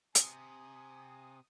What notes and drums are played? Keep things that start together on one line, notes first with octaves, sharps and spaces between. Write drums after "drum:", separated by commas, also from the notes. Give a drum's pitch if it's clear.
C3 G#5 D#6, drum: hi-hat